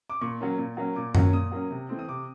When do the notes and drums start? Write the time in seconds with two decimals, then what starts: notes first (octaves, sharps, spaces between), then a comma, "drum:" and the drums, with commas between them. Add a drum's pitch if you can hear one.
0.10 D6
0.21 A#2 C#6
0.40 F#3 A#3 C#4
0.58 A#2
0.77 F#3 A#3 C#4
0.96 A#2 D6
1.15 F#3 A#3 C#4, drum: tom F#2
1.33 A#2 D#6
1.51 F#3 A#3 C#4
1.71 C3
1.89 E3 A3 C4
1.99 D#6
2.08 C3 D6